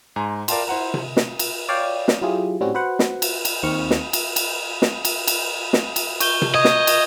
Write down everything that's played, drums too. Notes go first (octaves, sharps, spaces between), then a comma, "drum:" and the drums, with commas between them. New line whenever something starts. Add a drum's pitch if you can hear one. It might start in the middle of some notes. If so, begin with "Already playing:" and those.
G#2 G#5 A#5 C6
A#4 D5 F5 G5 A5 C6, drum: cymbal
E4 C5 F#5 A#5
drum: tom C3
drum: snare
drum: cymbal
C#5 D5 F5 G5 F6
drum: snare
F#3 E4 F4 G4 G#4
A2 G3 C4 C#4 F#4
F#4 B4 C5 F#5
drum: snare
drum: cymbal
drum: cymbal
D#2 D#3 C4 C#6 F6
drum: snare
drum: cymbal
drum: cymbal
drum: snare
drum: cymbal
drum: cymbal
drum: snare
drum: cymbal
C#6 G6 G7, drum: cymbal
drum: tom C3
D#5 D#6 G#6
drum: snare
drum: cymbal